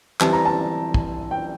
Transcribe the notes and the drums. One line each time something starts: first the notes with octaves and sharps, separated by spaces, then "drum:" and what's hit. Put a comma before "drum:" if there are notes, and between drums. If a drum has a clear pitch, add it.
E3 G3 C4 E4 A5, drum: clap
A#5
A5
drum: kick
G5